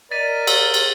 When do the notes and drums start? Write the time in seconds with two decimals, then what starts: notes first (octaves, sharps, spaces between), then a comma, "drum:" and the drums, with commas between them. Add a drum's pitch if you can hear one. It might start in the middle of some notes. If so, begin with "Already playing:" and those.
0.12 A#4 D5 D#5 A6 B6 D#7
0.47 E6 G7, drum: cymbal
0.74 drum: cymbal